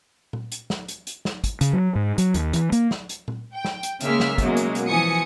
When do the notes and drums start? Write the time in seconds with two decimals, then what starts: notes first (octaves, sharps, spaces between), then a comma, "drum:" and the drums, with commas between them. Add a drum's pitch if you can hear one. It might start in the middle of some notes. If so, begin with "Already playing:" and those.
0.33 drum: tom A#2
0.52 drum: hi-hat
0.70 drum: snare
0.88 drum: hi-hat
1.07 drum: hi-hat
1.25 drum: snare
1.44 drum: kick, hi-hat
1.61 C#3, drum: hi-hat
1.73 F#3
1.95 G#2
2.18 F#3, drum: hi-hat
2.34 D#2, drum: hi-hat
2.53 E3, drum: hi-hat
2.72 A#3, drum: hi-hat
2.91 drum: snare
3.09 drum: hi-hat
3.28 drum: tom A#2
3.53 G5
3.65 drum: snare
3.83 drum: hi-hat
4.01 C#3 G#3 A#3 E5 F6, drum: hi-hat
4.20 drum: snare
4.38 F#2 B2 F#3 G#3 A#3, drum: kick, hi-hat
4.57 drum: hi-hat
4.75 drum: hi-hat
4.89 E3 F3 G#5 D#6 C#7